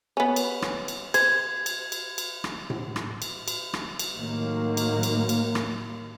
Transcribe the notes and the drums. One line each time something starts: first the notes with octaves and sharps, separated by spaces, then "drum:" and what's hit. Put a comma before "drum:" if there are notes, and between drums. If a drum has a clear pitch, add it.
B3 C#4
drum: cymbal
drum: rim click
drum: cymbal
C5 G#6, drum: cymbal
drum: cymbal
drum: cymbal
drum: cymbal
drum: rim click
drum: tom A2
drum: rim click
drum: cymbal
drum: cymbal
drum: rim click
drum: cymbal
A2 D#3 F#3 A#3
drum: cymbal
drum: cymbal
drum: cymbal
drum: rim click